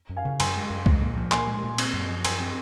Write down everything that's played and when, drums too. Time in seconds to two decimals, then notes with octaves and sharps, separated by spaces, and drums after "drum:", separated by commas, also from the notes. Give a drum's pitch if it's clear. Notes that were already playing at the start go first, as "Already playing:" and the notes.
0.09 F#2
0.17 F5 G#5
0.25 C#3
0.40 F#2 G#5 C6, drum: cymbal
0.55 G#3
0.70 F#2
0.86 G#3, drum: kick C2
1.01 A#2
1.16 F3
1.32 A#2 G#5 C6, drum: clap
1.47 G#3
1.63 A#2
1.78 C4, drum: cymbal
1.93 F#2
2.09 F3
2.25 F#2 G#5 C6, drum: cymbal
2.40 C4